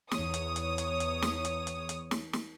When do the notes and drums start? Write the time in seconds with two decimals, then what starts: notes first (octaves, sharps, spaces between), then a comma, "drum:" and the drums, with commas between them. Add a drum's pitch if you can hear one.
0.11 E2 C#5 D#6, drum: snare
0.34 drum: hi-hat
0.56 drum: hi-hat
0.78 drum: hi-hat
1.00 drum: hi-hat
1.22 drum: snare
1.45 drum: hi-hat
1.67 drum: hi-hat
1.89 drum: hi-hat
2.11 drum: snare
2.33 drum: snare